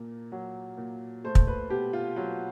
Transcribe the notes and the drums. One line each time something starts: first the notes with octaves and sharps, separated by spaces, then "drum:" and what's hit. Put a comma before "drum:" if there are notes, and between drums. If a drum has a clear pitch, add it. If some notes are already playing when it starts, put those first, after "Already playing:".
Already playing: A#2 A#3
F#3
A#2
A3 C5
drum: kick
B4
B2 G4
F4
F#3 F4